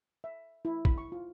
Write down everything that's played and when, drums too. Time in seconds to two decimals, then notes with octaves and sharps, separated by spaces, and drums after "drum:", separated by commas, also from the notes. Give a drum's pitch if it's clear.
0.24 E5
0.65 E4
0.85 B5, drum: kick
0.98 C#6
1.12 F4